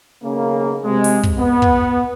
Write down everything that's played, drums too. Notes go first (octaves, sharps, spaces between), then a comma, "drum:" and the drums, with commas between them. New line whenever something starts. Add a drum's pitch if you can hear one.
B1 C#3 A#3
C3 G#3
drum: open hi-hat
drum: kick
B3
drum: kick